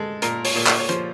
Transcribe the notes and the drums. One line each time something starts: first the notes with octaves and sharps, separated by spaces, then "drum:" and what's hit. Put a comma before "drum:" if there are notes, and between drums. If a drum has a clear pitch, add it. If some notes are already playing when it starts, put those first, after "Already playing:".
Already playing: G#3 A4
A#2 A#4, drum: hi-hat
C#5, drum: open hi-hat
A#2
D5, drum: clap
C#5
F3 C5, drum: hi-hat